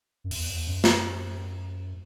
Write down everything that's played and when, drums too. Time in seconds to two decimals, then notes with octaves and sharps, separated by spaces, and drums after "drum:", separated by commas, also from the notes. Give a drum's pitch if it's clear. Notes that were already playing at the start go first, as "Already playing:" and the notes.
0.24 F#2
0.31 E2, drum: open hi-hat
0.50 E2
0.67 F#2
0.84 drum: snare